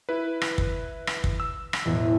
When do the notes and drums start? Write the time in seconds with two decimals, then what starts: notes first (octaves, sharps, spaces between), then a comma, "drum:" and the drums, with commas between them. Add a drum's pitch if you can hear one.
0.09 E4 B4
0.41 drum: rim click
0.58 drum: kick
1.07 drum: rim click
1.24 drum: kick
1.40 E6
1.73 drum: rim click
1.85 E1 E2 A2